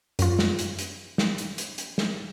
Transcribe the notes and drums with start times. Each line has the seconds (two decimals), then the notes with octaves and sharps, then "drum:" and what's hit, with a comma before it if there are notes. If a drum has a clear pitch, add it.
0.19 F#2 F4, drum: hi-hat
0.39 drum: snare
0.59 drum: hi-hat
0.79 drum: hi-hat
1.18 drum: snare
1.38 drum: hi-hat
1.58 drum: hi-hat
1.78 drum: hi-hat
1.98 drum: snare